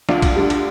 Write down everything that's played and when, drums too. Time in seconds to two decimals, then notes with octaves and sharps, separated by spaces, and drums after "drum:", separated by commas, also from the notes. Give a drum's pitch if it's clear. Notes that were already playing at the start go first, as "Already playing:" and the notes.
0.09 D2 D4 F4, drum: snare
0.22 drum: kick A#1, cymbal
0.36 D3 G3
0.50 drum: cymbal